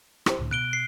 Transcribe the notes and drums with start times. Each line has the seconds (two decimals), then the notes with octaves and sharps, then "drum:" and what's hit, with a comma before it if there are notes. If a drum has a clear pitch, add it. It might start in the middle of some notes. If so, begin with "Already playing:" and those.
0.26 E4 G4 C5, drum: rim click
0.39 C#2 A2 D3
0.51 B2 F#6 D7 G7
0.73 C7